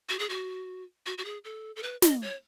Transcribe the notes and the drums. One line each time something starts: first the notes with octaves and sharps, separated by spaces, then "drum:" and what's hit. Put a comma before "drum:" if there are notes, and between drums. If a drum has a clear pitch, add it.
F#4
G#4
F#4
F#4
F#4
G#4
A4
A4
B4
D#5, drum: snare
C#5